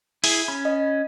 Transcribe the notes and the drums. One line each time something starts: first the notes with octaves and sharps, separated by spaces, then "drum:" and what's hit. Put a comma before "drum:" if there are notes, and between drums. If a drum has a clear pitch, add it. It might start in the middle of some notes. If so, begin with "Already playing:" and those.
E4 G#4, drum: open hi-hat
C#4 B5
D#5